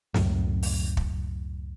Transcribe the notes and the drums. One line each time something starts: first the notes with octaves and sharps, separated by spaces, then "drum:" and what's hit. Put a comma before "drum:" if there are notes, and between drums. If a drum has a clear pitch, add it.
C#2 F#2 A2, drum: snare
drum: open hi-hat
drum: kick